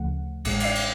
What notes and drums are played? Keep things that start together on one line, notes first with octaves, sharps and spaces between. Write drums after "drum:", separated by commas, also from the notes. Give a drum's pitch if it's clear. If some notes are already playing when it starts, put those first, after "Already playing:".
Already playing: D2 C#3 F3 A3 F#5
A1 A2 G#3, drum: cymbal
F5, drum: cymbal
D5
drum: cymbal